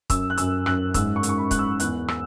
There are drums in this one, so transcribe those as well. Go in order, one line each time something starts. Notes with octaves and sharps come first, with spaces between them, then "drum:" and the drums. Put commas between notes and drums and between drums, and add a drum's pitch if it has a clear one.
F#2 E6, drum: kick, hi-hat
F#6
F#2 E6, drum: hi-hat
F#2 F#6, drum: rim click
G#2 E6, drum: kick, hi-hat
C#6
G#2, drum: hi-hat
C#6
B5
G#2 F#6, drum: kick, hi-hat
E6
E2 F#6, drum: hi-hat
E6, drum: rim click